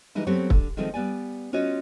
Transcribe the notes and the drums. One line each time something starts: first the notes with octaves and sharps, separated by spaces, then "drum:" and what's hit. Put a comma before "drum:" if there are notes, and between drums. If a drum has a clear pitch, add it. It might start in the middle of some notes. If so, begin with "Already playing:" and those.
E3 G3 G#3 D#4 E4
F#3 A3 B3 C4 G4 C#5
D3, drum: kick
D#3 F3 G#3 A3 C4
G3 B3 D5 G#5
C#4 F4 F#4 C#5 D#5